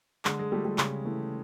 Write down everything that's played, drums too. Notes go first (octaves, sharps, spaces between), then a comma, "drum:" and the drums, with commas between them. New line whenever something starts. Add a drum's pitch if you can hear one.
D3 G#3, drum: clap
G#3
F3 G3 A3
G3
C#3, drum: clap
E3 A3